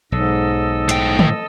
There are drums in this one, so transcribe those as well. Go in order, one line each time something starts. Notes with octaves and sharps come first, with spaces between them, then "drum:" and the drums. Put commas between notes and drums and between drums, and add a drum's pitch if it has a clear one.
B1 G#2 F#3 A4 D#5 E6
A2 G5, drum: hi-hat
drum: tom